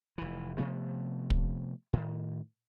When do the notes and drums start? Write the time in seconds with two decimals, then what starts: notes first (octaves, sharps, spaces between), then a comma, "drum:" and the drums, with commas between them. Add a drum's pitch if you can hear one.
0.18 F1 E3
0.58 C3 F3 A3 B3
1.30 drum: kick
1.93 A2 D#3